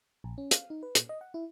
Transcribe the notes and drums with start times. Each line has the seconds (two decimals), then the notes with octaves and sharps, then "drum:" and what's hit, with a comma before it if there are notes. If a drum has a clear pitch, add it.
0.24 A#1
0.38 C#4
0.51 F5, drum: hi-hat
0.70 D#4
0.83 B4
0.95 A#2, drum: hi-hat
1.09 D#5
1.21 F#5
1.34 E4